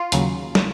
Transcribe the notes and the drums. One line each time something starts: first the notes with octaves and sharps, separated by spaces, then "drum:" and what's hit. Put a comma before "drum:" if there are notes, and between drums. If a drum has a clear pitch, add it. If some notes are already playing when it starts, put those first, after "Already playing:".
Already playing: F4
D#2 C#3 F#3, drum: hi-hat
drum: snare